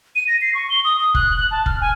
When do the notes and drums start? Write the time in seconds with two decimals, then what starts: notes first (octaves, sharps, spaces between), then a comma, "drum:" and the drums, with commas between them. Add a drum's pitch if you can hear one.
0.15 D#7
0.28 A#6
0.41 C7
0.55 C#6
0.70 G7
0.85 D#6
0.99 D#6
1.15 F#6, drum: kick F1
1.37 F#6
1.51 A5
1.66 F6, drum: kick F1
1.81 G#5